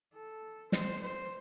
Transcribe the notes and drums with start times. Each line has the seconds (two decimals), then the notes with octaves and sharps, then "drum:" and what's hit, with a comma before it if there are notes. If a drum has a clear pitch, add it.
0.14 A4
0.72 C5, drum: snare
1.02 C5